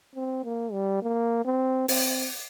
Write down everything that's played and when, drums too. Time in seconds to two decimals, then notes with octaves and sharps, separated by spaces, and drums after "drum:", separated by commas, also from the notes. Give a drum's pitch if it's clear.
0.15 C4
0.44 A#3
0.72 G3
1.02 A#3
1.45 C4
1.88 C4, drum: open hi-hat